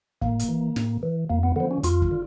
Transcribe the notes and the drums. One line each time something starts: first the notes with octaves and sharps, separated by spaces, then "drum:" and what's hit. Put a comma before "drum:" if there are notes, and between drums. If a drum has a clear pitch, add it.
A2 A#3, drum: kick
drum: hi-hat
E3
A2, drum: snare
E3
F2 A#3
B3
D3 F3 B3
C#4
F2 F4, drum: hi-hat
drum: kick
D3